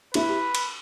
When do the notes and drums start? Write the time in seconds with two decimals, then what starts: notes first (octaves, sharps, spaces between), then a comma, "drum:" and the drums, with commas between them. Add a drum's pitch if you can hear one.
0.14 E4 B4, drum: cymbal
0.29 G4
0.55 drum: cymbal